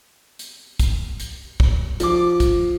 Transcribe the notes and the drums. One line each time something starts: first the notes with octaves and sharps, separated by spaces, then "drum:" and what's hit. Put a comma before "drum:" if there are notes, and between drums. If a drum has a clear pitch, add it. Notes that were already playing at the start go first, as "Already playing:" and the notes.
drum: hi-hat
drum: kick, hi-hat
drum: hi-hat
drum: kick
F3 D6, drum: hi-hat
drum: kick, hi-hat